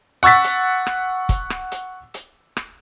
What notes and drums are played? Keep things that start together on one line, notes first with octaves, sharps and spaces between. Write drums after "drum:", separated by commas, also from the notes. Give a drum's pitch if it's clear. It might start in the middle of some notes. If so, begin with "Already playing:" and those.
F#5 C#6 E6 A6 B6
drum: hi-hat
drum: rim click
drum: kick, hi-hat
drum: rim click
drum: hi-hat
drum: hi-hat
drum: rim click